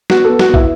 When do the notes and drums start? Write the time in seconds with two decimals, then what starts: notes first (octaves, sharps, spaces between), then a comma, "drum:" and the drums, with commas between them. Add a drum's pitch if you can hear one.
0.10 B3 F#4, drum: snare
0.24 B3 A4
0.39 F#4, drum: snare
0.49 B3
0.54 E4, drum: kick